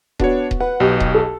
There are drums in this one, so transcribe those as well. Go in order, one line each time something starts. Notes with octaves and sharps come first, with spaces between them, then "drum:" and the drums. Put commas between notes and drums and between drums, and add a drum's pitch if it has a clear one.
B3 D4 F#4 C#5, drum: kick D#1
drum: kick D#1
B4 F#5
B1 B2 G4 D#5
drum: kick D#1
A4